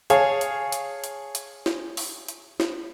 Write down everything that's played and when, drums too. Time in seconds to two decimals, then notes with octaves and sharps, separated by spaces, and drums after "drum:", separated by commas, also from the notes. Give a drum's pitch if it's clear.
0.10 G#4 C#5 F5 A5, drum: hi-hat
0.41 drum: hi-hat
0.72 drum: hi-hat
1.04 drum: hi-hat
1.35 drum: hi-hat
1.66 drum: snare
1.97 drum: open hi-hat
2.28 drum: hi-hat
2.60 drum: snare